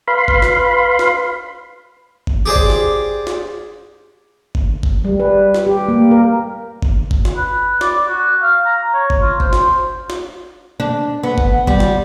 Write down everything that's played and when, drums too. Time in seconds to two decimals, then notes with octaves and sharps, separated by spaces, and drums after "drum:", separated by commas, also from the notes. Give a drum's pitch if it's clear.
0.08 B4 F5 B5 C6
0.28 drum: kick G1
0.42 drum: snare
0.99 drum: snare
2.27 drum: kick G1
2.46 G4 G#4 C5 D5
2.56 drum: kick G1
2.70 drum: snare
3.27 drum: snare
4.55 drum: kick G1
4.83 drum: kick G1
5.05 G3
5.20 B4
5.54 drum: snare
5.67 G4
5.88 A#3
6.11 A#4
6.82 drum: kick G1
7.11 drum: kick G1
7.25 drum: snare
7.36 B4
7.81 D5, drum: snare
8.08 F#4
8.42 F5
8.66 A#5
8.94 C#5
9.10 drum: kick G1
9.21 F4
9.40 C5, drum: kick G1
9.53 drum: snare
10.10 drum: snare
10.80 D4
11.23 B3
11.38 drum: kick G1
11.67 G3, drum: kick G1
11.80 drum: snare